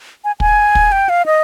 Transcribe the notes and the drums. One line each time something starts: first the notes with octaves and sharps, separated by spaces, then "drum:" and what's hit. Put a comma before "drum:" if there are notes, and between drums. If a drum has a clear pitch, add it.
G#5
G#5, drum: kick
drum: kick
G5
F5
D#5